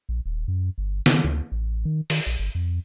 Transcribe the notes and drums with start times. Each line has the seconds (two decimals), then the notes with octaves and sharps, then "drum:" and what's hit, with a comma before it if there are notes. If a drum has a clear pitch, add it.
0.09 A#1
0.25 D#1
0.48 F#2
0.78 G1
1.06 D#3, drum: snare
1.24 D2
1.52 A1
1.85 D#3
2.10 D#3, drum: open hi-hat
2.26 A#1
2.39 G1
2.55 F2